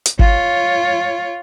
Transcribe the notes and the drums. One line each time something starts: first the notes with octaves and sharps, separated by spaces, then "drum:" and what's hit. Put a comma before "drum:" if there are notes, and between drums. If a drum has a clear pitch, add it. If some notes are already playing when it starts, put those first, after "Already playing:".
drum: hi-hat
F4 C#5, drum: kick G#1